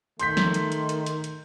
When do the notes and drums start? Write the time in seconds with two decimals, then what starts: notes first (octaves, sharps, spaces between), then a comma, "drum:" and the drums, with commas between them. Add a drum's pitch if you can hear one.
0.19 D#3 A3 C6 G6 B6, drum: hi-hat
0.37 drum: snare
0.54 drum: hi-hat
0.72 drum: hi-hat
0.89 drum: hi-hat
1.06 drum: hi-hat
1.24 drum: hi-hat